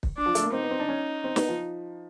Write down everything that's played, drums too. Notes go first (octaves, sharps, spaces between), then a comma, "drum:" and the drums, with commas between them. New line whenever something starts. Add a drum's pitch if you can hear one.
drum: kick
D4
F3
A3, drum: hi-hat
A#3
C4 D#4
B3
C4
D4
C#4
C4
B3, drum: snare
F3